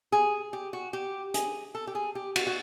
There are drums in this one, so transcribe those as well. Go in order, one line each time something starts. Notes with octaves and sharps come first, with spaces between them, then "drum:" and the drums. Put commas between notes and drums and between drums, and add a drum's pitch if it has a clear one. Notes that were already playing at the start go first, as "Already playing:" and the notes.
G#4
G4
F#4
G4
G#4, drum: hi-hat
A4
G4
G#4
G4
F#4, drum: cymbal
F#4